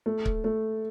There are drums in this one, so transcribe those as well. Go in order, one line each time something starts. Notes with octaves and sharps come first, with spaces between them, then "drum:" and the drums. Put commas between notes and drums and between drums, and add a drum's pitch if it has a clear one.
A3
drum: kick C#1
A3